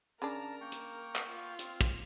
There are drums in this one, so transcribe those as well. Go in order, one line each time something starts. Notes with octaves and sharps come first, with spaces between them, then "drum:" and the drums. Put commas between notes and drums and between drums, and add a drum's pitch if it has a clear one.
C#3 D4 A#4 A5 A#5
A#3 G5 C#6
drum: hi-hat
drum: clap
F4
C4 F5, drum: hi-hat
drum: kick